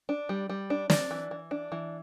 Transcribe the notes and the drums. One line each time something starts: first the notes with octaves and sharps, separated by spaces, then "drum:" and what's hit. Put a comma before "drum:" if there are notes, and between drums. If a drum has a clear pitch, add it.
D4
G3
G3
D4
D4 D5, drum: snare
E3
E3
D4
E3